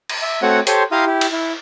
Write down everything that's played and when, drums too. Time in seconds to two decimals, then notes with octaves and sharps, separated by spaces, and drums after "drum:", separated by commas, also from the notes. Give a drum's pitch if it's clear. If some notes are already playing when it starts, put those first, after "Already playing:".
0.09 drum: cymbal
0.23 E5
0.42 A3 C4 F#4 C#5 F#5
0.67 G4 A4 C5 C#5 C6, drum: hi-hat
0.92 E4 G4 F5 A#5 C6 D#6
1.07 E4 G4
1.21 drum: cymbal
1.32 E4